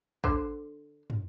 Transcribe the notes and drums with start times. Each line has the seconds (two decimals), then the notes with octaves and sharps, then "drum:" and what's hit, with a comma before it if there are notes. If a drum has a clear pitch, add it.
0.24 D3 C5, drum: kick
1.10 drum: tom